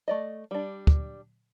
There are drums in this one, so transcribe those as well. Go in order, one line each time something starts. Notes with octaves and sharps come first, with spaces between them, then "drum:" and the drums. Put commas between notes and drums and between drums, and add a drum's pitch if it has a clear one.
A3 D5 D#5
G3 D4
drum: kick